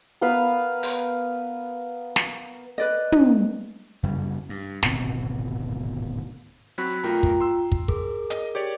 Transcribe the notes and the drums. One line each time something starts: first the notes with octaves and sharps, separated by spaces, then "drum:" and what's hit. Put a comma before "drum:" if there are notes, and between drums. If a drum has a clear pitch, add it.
B3 A#4 B4 F5
drum: open hi-hat
drum: snare
B4 D5 D#5
drum: tom
F#2 C#3 G3
G2
D1 G#1 B2 C4, drum: snare
F#3 C4 F#4 B5 F#6 B6
B1 A3 F4 A#4 G5 A#5
drum: kick
C6 E6
drum: kick
G#4 A#4 D6, drum: kick
D#5, drum: hi-hat
G4 C#5 D5